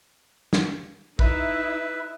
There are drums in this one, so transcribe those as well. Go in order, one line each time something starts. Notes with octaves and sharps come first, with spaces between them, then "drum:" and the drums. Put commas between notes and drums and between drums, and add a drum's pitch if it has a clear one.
drum: snare
D#4 E4 B4 E5, drum: kick